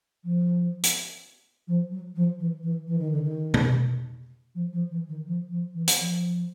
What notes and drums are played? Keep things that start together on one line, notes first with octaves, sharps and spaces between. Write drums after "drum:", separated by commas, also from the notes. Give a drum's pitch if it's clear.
F3
drum: hi-hat
F3
F#3
F3
E3
E3
E3
D#3
D3
D#3
drum: tom B2
F3
F3
E3
D#3
F3
F3
E3
drum: hi-hat
F3